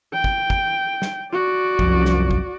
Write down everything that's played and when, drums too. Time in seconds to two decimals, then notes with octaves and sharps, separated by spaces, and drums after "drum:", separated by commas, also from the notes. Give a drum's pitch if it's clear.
0.13 G5
0.24 drum: kick
0.50 drum: kick
1.02 drum: snare
1.33 F#4 D5
1.79 C2 F#2 F3, drum: kick
2.05 drum: snare
2.31 drum: kick